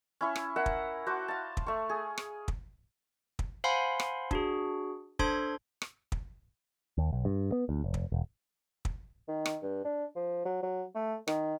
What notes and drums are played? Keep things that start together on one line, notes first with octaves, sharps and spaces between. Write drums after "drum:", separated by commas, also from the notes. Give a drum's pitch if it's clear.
C#4 E4 C#6
drum: rim click
A#4 E5 F#5
drum: kick
F#4 C5 A5 D6
F5 A5
drum: kick
A3 C#6
G#4
drum: rim click
drum: kick
drum: kick
C5 F5 F#5 G#5 B5 C6
drum: rim click
D4 F#4 G#4, drum: kick
D4 A4 C5 C6 G#6, drum: kick
drum: rim click
drum: kick
D#2
B1
G2
B3
D2
F1
drum: kick
E1
drum: kick
D#3
drum: rim click
G2
D4
F3
F#3
F#3
A3
D#3, drum: rim click